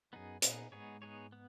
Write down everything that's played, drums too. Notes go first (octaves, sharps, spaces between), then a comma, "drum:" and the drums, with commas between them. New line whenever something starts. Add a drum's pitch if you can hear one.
F#2 B3 D#4 G#4
A#2 B3 D#4 G#4, drum: hi-hat
G#2 B3 D#4 G#4 C#5
B3 D#4 G#4 C#5
B3